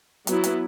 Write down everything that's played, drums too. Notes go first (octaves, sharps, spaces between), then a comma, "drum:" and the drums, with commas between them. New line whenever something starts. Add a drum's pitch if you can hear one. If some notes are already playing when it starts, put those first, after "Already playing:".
F#3 B3 E4, drum: hi-hat
drum: hi-hat